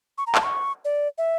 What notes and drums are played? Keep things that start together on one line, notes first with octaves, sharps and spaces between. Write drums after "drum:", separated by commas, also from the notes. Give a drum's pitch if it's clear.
C#6
A#5
A5, drum: clap
C#6
D5
E5